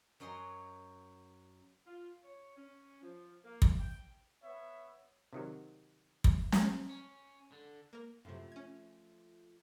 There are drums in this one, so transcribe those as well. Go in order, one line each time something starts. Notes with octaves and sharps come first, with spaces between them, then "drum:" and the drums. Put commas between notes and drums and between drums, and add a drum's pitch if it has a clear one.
F#2 F#3 D#5 G#5 C6
F4
C#5
C#4
F3
A#3
drum: kick
G5
B3 C#5 E5
C3 D#3 F#3
drum: kick
drum: snare
C#4
D3
A#3 A#4
F#2 A2 C3 F3 A3 F4
C#4 G#6